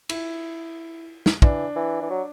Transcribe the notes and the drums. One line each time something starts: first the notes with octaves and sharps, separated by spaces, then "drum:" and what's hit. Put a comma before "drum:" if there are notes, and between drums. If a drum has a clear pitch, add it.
E4, drum: cymbal
drum: snare
E3 D4, drum: kick
E3
E3
F#3